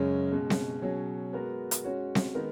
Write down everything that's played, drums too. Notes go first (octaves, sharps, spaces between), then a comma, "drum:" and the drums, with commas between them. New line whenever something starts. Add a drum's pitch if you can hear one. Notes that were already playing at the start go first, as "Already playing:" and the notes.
Already playing: F#2 C#3 G#3 C#4
B2 G#3 C#4
drum: snare C4
B2 F#3 C#4 G#4
G#3 B3 F#4 A#4
drum: hi-hat
G#3 C#4 F#4 C#5
drum: snare C4
D#3 G#3 B3 D#4 A#4